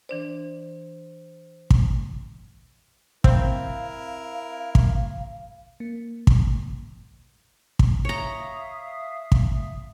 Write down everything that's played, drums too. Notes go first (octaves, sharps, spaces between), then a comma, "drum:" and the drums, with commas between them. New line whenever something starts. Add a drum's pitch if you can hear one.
E3 D4 C5 D5
drum: kick
C4 E4 A#4 F5, drum: kick
drum: kick
A#3
drum: kick
drum: kick
C#5 E5 F5 A#5 D#6
drum: kick